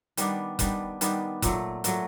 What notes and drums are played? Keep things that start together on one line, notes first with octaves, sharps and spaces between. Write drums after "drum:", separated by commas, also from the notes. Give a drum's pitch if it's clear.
D#3 G3 B3 D4, drum: hi-hat
D#3 G3 B3 D4, drum: kick F1, hi-hat
D#3 G3 B3 D4, drum: hi-hat
A#2 F#3 A3, drum: kick F1, hi-hat
A#2 F#3 A3, drum: hi-hat